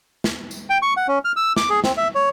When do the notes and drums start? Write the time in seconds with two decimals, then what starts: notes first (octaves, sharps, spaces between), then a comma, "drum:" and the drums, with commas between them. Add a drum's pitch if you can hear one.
0.24 drum: snare
0.51 drum: tambourine
0.70 G5
0.82 C#6
0.97 F#5
1.08 C#4
1.25 F6
1.36 E6
1.57 D6, drum: snare
1.70 G#4
1.84 C4, drum: snare
1.97 E5
2.15 C#5